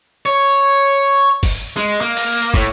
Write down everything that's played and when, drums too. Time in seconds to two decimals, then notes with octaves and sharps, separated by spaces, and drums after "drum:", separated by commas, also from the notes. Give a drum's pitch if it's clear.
0.26 C#5
1.43 drum: kick, open hi-hat
1.77 G#3
2.01 A#3
2.17 drum: open hi-hat
2.54 A2, drum: kick